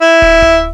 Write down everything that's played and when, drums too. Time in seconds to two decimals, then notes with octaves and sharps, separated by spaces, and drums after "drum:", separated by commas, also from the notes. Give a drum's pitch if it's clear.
0.02 E4 E5
0.22 drum: kick
0.42 drum: kick